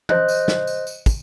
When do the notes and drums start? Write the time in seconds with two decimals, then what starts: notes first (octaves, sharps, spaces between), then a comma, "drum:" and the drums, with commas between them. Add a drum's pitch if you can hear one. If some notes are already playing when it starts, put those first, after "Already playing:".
0.09 C5 D#5 F#6, drum: tom E3
0.28 drum: tambourine
0.48 drum: snare
0.67 drum: tambourine
0.87 drum: tambourine
1.06 drum: kick, tambourine